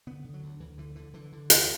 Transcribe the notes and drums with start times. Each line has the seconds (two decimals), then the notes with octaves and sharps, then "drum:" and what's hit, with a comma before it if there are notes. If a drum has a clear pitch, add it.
0.07 D3 B3
0.24 D3
0.34 F#3
0.42 D2
0.60 D2 E3
0.78 D3 E3
0.96 D3 E3
1.14 D3 E3
1.32 D3
1.50 D2, drum: hi-hat
1.59 E3